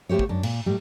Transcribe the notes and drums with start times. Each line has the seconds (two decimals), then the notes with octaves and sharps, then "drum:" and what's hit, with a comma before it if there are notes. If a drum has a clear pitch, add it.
0.09 A3 B3 G4 C5 C#5
0.19 drum: kick
0.29 F#2 D4
0.43 A#2, drum: cymbal
0.66 A2 G3